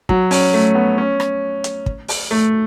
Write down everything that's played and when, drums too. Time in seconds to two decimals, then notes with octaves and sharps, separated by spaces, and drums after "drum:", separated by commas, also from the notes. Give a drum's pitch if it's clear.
0.09 F#3, drum: kick
0.31 C#4, drum: open hi-hat
0.54 A3
0.75 B3
0.98 C#4
1.20 drum: rim click
1.64 drum: hi-hat
1.86 drum: kick
2.08 drum: open hi-hat
2.31 A3